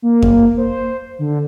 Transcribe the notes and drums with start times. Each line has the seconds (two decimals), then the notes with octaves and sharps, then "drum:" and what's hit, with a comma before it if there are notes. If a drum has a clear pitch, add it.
0.02 A#3
0.22 drum: kick F2
0.57 C5
1.19 D3